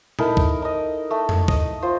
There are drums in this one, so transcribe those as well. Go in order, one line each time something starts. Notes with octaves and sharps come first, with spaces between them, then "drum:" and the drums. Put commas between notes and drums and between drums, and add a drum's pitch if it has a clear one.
D#4 E4 A4 A#4, drum: tom A#2
drum: kick
D#4 D#5
A3
drum: tom F2
D#5, drum: kick
F4 C5